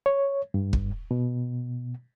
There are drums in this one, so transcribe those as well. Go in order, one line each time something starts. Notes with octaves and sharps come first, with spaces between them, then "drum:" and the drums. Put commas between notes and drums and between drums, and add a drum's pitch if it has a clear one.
C#5
G2
drum: kick
B2